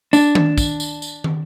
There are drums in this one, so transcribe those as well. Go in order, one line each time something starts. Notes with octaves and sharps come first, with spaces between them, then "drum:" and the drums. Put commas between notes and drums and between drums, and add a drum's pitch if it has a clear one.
D4, drum: tambourine
drum: tom D#3
drum: kick, tambourine
drum: tambourine
drum: tambourine
drum: tom